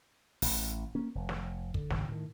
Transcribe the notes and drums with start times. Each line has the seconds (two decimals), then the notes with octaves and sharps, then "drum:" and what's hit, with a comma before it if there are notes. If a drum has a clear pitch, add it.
0.42 A1, drum: open hi-hat
0.95 A#3 C#4
1.15 F1
1.29 drum: snare
1.74 D3, drum: kick
1.90 G#1 C#2 G2 C3, drum: snare
2.08 A2 D#3